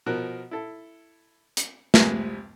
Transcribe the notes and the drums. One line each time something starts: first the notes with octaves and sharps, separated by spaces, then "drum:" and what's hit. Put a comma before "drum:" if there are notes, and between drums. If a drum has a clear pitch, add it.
B2 F3 A#4 F#6
E4 A4
drum: hi-hat
G#1 C3 F3 G#3 B4 G#5, drum: snare